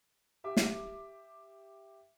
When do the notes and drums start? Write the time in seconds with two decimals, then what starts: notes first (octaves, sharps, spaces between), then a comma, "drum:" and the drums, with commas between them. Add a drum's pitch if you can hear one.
0.44 G4 E5 D6
0.57 drum: snare